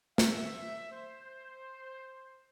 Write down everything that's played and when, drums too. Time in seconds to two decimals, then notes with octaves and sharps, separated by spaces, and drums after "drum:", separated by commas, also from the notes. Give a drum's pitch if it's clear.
0.18 E5, drum: snare
0.92 C5